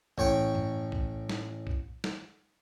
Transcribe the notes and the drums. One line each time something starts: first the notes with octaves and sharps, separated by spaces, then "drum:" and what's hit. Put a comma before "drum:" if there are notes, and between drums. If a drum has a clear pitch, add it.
A1 C#5 G5 C#6, drum: kick
drum: tom G2
drum: kick
drum: snare
drum: kick
drum: snare